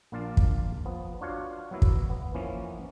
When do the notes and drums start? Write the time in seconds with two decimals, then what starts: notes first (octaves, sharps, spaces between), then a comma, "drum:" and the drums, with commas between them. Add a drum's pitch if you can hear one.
0.12 A#1 A#3 D4 F4 F5 A5
0.37 drum: kick
0.85 F3 B3
1.21 D4 F4 F#4 C#5 F5 F#5
1.71 F#3 A#3 B3 E4
1.82 drum: kick
2.10 B3
2.34 E3 F3 A#3 B3 C#4